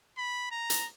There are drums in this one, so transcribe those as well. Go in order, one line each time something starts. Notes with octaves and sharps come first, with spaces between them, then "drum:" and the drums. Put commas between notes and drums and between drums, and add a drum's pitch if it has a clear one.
B5
A#5
drum: hi-hat